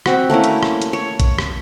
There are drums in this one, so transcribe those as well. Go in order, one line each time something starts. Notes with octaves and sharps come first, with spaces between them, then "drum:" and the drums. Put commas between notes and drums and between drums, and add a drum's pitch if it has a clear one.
C4 F#4, drum: rim click
A3 A#3 C#4 E4
drum: hi-hat
drum: rim click
drum: hi-hat
C#5
drum: kick, hi-hat
drum: rim click